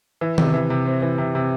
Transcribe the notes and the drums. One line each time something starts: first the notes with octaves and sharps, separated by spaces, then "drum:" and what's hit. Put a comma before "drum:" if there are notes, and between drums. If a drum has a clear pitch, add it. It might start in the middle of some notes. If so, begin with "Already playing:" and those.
E3
C3, drum: tom D#3
E3
C3
C4
E3
C3
C3